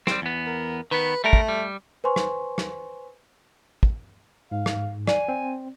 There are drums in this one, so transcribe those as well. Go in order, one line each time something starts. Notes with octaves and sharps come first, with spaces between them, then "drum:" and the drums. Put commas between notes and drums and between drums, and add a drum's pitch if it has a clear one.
G3 C4, drum: rim click
E2 B3
A#4
D#3 B3 B4
G3 A3 A#4
drum: kick
G3
B4 C5 G#5 C6 C#6
drum: rim click
drum: rim click
drum: kick
G#2 F5
drum: rim click
D5 G#5, drum: rim click
C4